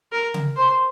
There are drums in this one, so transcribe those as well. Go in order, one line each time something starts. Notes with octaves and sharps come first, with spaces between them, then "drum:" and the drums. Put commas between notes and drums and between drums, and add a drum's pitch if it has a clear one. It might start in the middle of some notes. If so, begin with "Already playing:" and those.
A#4
drum: tom C#3
C5